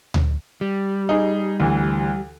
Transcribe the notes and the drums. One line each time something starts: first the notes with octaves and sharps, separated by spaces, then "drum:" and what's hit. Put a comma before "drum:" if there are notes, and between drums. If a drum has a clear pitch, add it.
drum: tom D2
G3
D#4 G#4
D2 E3